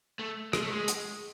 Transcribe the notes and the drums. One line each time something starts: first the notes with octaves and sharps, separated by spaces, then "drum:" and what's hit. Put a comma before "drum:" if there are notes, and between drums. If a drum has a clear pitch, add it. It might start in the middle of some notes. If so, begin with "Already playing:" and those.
A3
G#3, drum: rim click
A3
G#3
drum: hi-hat